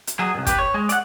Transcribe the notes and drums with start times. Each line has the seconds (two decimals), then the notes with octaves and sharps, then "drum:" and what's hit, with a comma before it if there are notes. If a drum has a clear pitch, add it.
0.07 drum: hi-hat
0.19 F#3 G#4
0.35 C2 G2
0.47 G4 B4, drum: kick, hi-hat
0.59 C#5
0.74 G#3
0.89 D5 F#5, drum: hi-hat